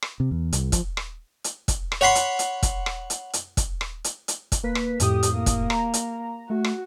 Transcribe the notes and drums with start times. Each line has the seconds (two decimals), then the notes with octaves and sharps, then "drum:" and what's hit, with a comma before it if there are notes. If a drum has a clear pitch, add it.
0.02 drum: rim click
0.20 C3
0.31 E2
0.53 C2, drum: hi-hat
0.72 F3, drum: kick, hi-hat
0.97 drum: rim click
1.44 drum: hi-hat
1.68 drum: kick, hi-hat
1.92 drum: rim click
2.01 C#5 F#5 B5 C6
2.15 drum: hi-hat
2.39 drum: hi-hat
2.63 drum: kick, hi-hat
2.86 drum: rim click
3.10 drum: hi-hat
3.33 drum: hi-hat
3.57 drum: kick, hi-hat
3.81 drum: rim click
4.04 drum: hi-hat
4.28 drum: hi-hat
4.52 drum: kick, hi-hat
4.63 A#3 B4 B6
4.75 drum: rim click
5.00 F2 A2 G4 D#6, drum: hi-hat
5.23 drum: hi-hat
5.34 A#3
5.46 drum: kick, hi-hat
5.70 A#5, drum: rim click
5.94 drum: hi-hat
6.50 A3 F#4
6.64 drum: rim click